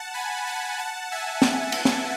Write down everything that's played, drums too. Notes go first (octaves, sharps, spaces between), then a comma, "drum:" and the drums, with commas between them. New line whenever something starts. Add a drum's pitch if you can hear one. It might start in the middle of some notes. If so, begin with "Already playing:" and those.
Already playing: F#5 A5
G#5 B5
F#5 A5
F#5 A5
E5 G#5
drum: snare
drum: cymbal
drum: snare